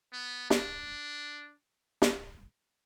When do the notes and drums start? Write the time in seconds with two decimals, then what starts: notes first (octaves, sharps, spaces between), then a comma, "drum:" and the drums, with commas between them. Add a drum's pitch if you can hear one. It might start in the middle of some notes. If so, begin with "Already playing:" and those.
0.13 B3
0.50 D4, drum: snare
2.02 drum: snare